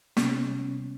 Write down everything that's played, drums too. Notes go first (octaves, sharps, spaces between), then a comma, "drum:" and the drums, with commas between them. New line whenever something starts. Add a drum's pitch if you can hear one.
C3 G3 B3 C#4, drum: snare